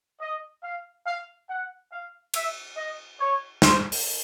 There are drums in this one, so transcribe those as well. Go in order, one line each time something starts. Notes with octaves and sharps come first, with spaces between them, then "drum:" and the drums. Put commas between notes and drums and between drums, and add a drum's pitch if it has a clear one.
D#5
F5
F5
F#5
F5
E5, drum: cymbal
D#5
C#5
C5, drum: snare
drum: open hi-hat